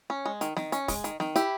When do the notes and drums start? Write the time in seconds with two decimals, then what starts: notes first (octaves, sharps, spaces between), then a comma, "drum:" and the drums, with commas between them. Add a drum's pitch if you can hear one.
0.10 C#4
0.26 G#3
0.41 D#3, drum: hi-hat
0.57 D#3, drum: snare
0.72 C#4, drum: hi-hat
0.88 G#3, drum: kick, open hi-hat
1.04 D#3, drum: hi-hat
1.20 D#3, drum: snare
1.36 E4 G4, drum: hi-hat